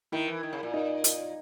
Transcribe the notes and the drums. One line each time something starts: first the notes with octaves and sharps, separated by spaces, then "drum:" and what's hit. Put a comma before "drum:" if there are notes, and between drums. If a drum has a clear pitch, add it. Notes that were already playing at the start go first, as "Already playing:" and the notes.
D#3 E4
E3
D#3
C#3
A#2
D#4
D#4, drum: hi-hat